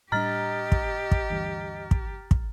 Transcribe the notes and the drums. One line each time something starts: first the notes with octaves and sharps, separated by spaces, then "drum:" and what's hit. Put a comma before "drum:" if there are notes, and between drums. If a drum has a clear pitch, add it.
A2 G3 D4 G4 D#5 A#5 F6 A6
drum: kick
drum: kick
D2 G2 E3
drum: kick
drum: kick